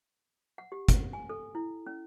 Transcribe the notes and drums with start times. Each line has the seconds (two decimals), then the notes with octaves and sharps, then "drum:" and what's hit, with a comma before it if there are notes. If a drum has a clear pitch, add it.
0.58 F#5
0.72 G4
0.88 F#5, drum: kick, hi-hat
1.13 G#5
1.29 A4
1.55 E4
1.86 C#4